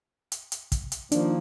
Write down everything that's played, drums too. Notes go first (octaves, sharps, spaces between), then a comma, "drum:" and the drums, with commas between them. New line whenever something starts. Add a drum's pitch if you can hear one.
drum: hi-hat
drum: hi-hat
drum: kick, hi-hat
drum: hi-hat
D#3 F3 A#3 D4, drum: hi-hat